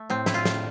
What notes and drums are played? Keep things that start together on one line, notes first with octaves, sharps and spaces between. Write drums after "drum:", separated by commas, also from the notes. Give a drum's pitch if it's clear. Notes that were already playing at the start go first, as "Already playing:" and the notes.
Already playing: A3
A2 C4
A2 E4, drum: snare
F4
A2, drum: snare